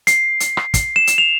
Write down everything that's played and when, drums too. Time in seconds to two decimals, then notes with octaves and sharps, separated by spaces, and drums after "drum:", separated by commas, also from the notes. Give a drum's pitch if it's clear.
0.07 C7, drum: hi-hat
0.40 drum: hi-hat
0.57 drum: rim click
0.74 C7, drum: kick, hi-hat
0.96 E7
1.07 drum: hi-hat
1.18 F7